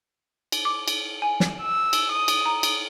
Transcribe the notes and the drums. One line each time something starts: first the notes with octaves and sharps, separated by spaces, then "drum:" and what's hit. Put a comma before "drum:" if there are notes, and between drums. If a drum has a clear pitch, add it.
drum: cymbal
D6
drum: cymbal
G#5
drum: snare
E6
drum: cymbal
D#6
drum: cymbal
A#5
drum: cymbal